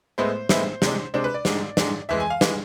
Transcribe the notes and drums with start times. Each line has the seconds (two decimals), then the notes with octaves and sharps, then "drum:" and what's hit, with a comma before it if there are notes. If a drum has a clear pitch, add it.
0.18 A2 G#3 B3 E4 C5
0.49 A2 G#3 B3 E4 C5, drum: snare
0.82 C3 G#3 D4, drum: snare
1.14 C3 G#3 D4 C5
1.24 B4
1.34 D5
1.45 G#2 G#3 D4, drum: snare
1.77 G#2 G#3 D4, drum: snare
2.09 F2 E3 G#3 E5
2.20 G#5
2.30 F5
2.41 E3 G#3, drum: snare